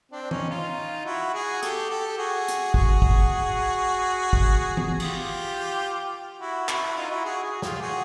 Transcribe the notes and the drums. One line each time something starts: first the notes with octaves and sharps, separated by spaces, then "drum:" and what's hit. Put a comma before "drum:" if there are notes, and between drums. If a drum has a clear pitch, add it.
C4 D4
D4
C#4 D#4, drum: tom E3
D#4 F4
E4 F#4
F#4 G#4
G4 A4, drum: hi-hat
G4 A4
F#4 G#4
drum: hi-hat
F#4 G#4, drum: kick
drum: kick
drum: kick
drum: tom E3
F4 G4, drum: cymbal
E4 F#4
E4 F#4, drum: clap
E4 F#4
D#4 F4
E4 F#4
F#4 G#4
F#4 G#4
F4 G4, drum: snare
F#4 G#4